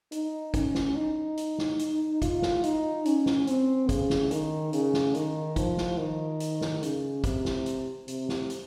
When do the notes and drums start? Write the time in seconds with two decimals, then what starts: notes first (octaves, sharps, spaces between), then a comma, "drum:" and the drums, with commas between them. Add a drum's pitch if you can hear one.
0.12 D#4, drum: hi-hat
0.54 C#4, drum: kick, hi-hat
0.75 drum: snare
0.95 D#4
1.37 drum: hi-hat
1.58 drum: snare
1.79 drum: hi-hat
2.22 F4, drum: kick, hi-hat
2.42 drum: snare
2.64 D#4, drum: hi-hat
3.06 C#4, drum: hi-hat
3.26 drum: snare
3.47 C4, drum: hi-hat
3.89 C#3, drum: kick, hi-hat
4.10 drum: snare
4.31 D#3, drum: hi-hat
4.73 C#3, drum: hi-hat
4.94 drum: snare
5.15 D#3, drum: hi-hat
5.56 F3, drum: kick, hi-hat
5.77 drum: snare
5.98 D#3
6.40 drum: hi-hat
6.61 drum: snare
6.83 C#3, drum: hi-hat
7.24 C3, drum: kick, hi-hat
7.45 drum: snare
7.66 drum: hi-hat
8.08 C3, drum: hi-hat
8.29 drum: snare
8.50 drum: hi-hat